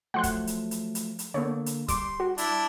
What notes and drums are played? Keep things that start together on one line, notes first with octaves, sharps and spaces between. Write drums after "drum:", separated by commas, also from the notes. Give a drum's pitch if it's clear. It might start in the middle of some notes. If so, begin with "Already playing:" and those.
F3 F#3 A3 F#5 C6 F#6
drum: kick, hi-hat
drum: hi-hat
drum: hi-hat
drum: hi-hat
drum: hi-hat
D3 A#3 B3 C#5
drum: hi-hat
G3 C6 D6, drum: kick, hi-hat
F#4
D4 E4, drum: hi-hat